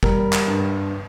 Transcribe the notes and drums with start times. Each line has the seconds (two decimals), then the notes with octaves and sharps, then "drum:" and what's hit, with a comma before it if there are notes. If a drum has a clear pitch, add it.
0.03 G3 A#4, drum: kick
0.33 drum: clap
0.47 G2